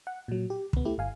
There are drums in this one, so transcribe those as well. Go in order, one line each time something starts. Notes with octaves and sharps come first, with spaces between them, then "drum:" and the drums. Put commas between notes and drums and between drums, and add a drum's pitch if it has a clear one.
F#5
A#2 F#3
G4
D2 B3, drum: kick
A3 E4 G4
G1 F5 G#5